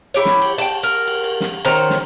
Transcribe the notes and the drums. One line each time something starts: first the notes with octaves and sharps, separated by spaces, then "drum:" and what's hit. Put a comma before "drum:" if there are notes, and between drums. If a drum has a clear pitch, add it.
E4 G4 C#5
drum: snare
drum: cymbal
G5 A5, drum: cymbal
A#4
drum: cymbal
drum: cymbal
drum: snare
D#3 C#4 C5 A#5
drum: snare